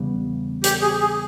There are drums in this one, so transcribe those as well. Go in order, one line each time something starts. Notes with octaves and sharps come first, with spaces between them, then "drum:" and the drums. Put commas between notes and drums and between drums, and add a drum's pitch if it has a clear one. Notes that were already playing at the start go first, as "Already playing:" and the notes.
Already playing: E2 C#3 E3 G3 B3
G4, drum: hi-hat
G#4
G#4